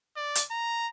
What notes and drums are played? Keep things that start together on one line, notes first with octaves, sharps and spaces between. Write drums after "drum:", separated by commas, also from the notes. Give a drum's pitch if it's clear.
D5
drum: hi-hat
A#5